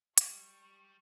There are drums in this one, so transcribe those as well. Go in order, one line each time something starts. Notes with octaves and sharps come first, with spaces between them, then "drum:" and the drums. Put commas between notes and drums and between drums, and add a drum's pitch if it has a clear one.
G3 C#6, drum: hi-hat